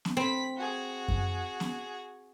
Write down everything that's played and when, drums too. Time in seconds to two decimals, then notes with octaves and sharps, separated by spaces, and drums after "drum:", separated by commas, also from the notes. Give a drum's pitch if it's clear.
0.05 drum: snare B3
0.17 C4 B5 B6
0.57 F#4 G#4
1.08 drum: kick F#2
1.60 drum: snare B3